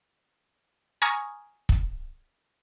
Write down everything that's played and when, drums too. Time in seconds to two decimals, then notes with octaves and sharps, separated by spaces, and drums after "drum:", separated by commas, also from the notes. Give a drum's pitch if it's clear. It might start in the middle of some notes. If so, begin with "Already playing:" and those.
1.02 G#5 A#5 C#6 D#6 F6 G#6
1.69 drum: kick